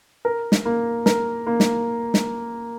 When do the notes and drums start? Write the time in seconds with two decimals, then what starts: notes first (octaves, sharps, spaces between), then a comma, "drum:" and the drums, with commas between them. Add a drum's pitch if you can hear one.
0.25 A#4
0.52 drum: snare
0.65 A#3
1.06 A#4, drum: snare
1.47 A#3
1.60 drum: snare
2.14 drum: snare